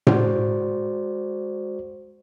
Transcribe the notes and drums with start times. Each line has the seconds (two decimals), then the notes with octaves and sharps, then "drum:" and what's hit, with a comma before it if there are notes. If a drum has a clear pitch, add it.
0.07 G#3 F#4 C5 D5, drum: tom A2